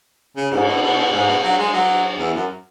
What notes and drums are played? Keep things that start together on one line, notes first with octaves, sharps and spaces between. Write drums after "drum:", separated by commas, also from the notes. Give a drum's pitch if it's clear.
C#3
G#2, drum: cymbal
B2
B2
B2
G#2
B2
F#3
G#3
F#3
E2
F#2